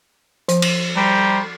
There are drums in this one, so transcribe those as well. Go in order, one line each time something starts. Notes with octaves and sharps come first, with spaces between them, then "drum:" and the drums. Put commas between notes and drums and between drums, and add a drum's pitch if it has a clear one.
F3, drum: hi-hat
drum: cymbal
G3 C5 A#5